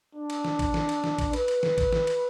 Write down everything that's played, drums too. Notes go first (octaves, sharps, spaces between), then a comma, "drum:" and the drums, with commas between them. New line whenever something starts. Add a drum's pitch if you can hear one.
D4
drum: cymbal
drum: snare
drum: kick A1, cymbal
drum: snare
drum: cymbal
drum: snare
drum: kick A1, cymbal
B4, drum: cymbal
drum: cymbal
drum: snare
drum: kick A1, cymbal
drum: snare
drum: cymbal